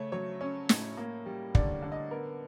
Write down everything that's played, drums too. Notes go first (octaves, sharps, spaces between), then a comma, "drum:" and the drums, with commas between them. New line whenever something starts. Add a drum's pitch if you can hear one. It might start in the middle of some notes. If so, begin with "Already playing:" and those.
Already playing: C#3 A3 C#5
F#3 C#5
C#4
A2, drum: snare
A#3
G3
D3 D5, drum: kick
D3
D#5
B3 A#4